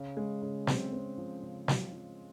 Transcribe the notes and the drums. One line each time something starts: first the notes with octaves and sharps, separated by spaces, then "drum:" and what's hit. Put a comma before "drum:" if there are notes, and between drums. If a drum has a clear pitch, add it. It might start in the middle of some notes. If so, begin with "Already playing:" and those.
Already playing: C#3
G#3
C#3
C4, drum: snare
C4
F3
C#3
F3, drum: snare
F3